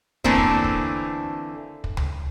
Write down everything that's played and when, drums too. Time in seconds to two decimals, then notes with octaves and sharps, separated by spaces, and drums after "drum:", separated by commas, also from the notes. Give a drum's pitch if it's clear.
0.24 D3 E3 A3 A#3 C4, drum: kick
0.38 drum: kick
0.64 drum: kick
1.84 drum: kick
1.97 drum: tom C#2